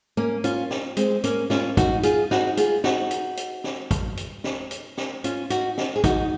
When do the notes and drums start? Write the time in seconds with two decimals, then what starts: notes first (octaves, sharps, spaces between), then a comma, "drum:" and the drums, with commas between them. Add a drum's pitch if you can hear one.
0.17 A#3 C#4
0.44 C#4 F4, drum: hi-hat
0.70 drum: snare
0.97 G#3 C4, drum: hi-hat
1.24 A#3 C#4, drum: hi-hat
1.50 C#4 F4, drum: snare
1.77 D#4 F#4, drum: kick, hi-hat
2.03 F4 G#4, drum: hi-hat
2.31 D#4 F#4, drum: snare
2.57 F4 G#4, drum: hi-hat
2.84 D#4 F#4, drum: snare
3.11 drum: hi-hat
3.37 drum: hi-hat
3.64 drum: snare
3.91 drum: kick, hi-hat
4.17 drum: hi-hat
4.44 drum: snare
4.71 drum: hi-hat
4.97 drum: snare
5.24 C#4 F4, drum: hi-hat
5.50 D#4 F#4, drum: hi-hat
5.78 drum: snare
5.96 G#4
6.04 D#4 F#4, drum: kick, hi-hat